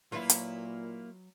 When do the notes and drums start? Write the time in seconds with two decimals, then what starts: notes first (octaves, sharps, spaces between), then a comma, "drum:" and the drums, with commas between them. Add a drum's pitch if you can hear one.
0.12 A#2 F#3 A#3 E4 F4 B4
0.29 drum: hi-hat